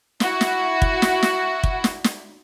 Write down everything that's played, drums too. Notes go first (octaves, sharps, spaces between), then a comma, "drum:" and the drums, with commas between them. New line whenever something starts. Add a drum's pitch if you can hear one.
E4 F#4, drum: snare
drum: snare
drum: kick
drum: snare
drum: snare
drum: kick
drum: snare
drum: snare